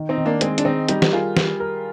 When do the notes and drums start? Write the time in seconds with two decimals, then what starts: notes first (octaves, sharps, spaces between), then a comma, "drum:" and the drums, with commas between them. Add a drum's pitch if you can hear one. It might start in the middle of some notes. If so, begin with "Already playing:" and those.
Already playing: D#3
0.09 C4 D#4
0.18 D#3
0.26 A#3 D4
0.41 G#3 C4 G#4, drum: hi-hat
0.58 D4, drum: hi-hat
0.65 D#3 C4 D#4
0.88 G3 D#4 G4, drum: hi-hat
1.02 G4, drum: snare
1.12 F4 G#4 A#4
1.37 G4, drum: snare
1.60 A#4